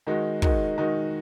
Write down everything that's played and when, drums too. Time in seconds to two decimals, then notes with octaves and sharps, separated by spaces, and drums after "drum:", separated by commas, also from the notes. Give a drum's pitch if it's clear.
0.07 D#3 G#3 D#4 F#4
0.42 D#3 G#3 D#4 F#4, drum: kick
0.78 D#3 G#3 D#4 F#4